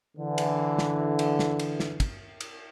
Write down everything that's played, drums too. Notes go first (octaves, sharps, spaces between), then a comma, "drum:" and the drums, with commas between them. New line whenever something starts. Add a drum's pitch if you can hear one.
D3 E3
drum: cymbal
drum: snare
drum: cymbal
drum: snare
drum: cymbal
drum: snare
drum: kick, cymbal
drum: cymbal